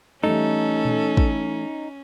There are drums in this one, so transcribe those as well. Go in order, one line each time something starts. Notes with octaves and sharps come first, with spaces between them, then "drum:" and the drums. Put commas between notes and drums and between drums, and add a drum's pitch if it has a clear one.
E3 G3 A3 C#4 D#4 A4
drum: tom A#2
drum: kick